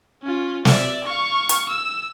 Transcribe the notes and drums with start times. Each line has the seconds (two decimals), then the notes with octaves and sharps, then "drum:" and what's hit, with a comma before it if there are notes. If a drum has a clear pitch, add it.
0.23 C#4 F4
0.65 D5 E5, drum: snare
1.04 F5 C#6
1.49 drum: hi-hat
1.69 E6